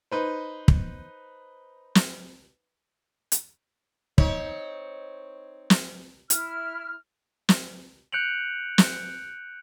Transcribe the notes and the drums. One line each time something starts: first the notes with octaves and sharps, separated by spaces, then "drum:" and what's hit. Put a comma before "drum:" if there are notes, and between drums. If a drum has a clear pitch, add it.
D#4 B4 C5
drum: kick
drum: snare
drum: hi-hat
C4 D#4 C#5, drum: kick
drum: snare
E4 F6, drum: hi-hat
drum: snare
F#6 G6 C#7 D7 F7 F#7
drum: snare